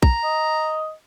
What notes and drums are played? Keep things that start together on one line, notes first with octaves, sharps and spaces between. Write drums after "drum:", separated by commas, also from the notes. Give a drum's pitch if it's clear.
A#5, drum: kick
D#5